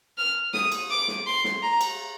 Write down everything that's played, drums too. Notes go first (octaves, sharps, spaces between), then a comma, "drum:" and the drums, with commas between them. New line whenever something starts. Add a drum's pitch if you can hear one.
F6
D#6, drum: snare
drum: cymbal
D6
drum: snare
C6
drum: snare
A#5
drum: cymbal